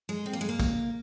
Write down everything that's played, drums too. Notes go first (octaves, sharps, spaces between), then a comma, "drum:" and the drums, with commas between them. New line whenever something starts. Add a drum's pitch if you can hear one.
G#3
C4
A#3
G#3
A#3
drum: kick, tambourine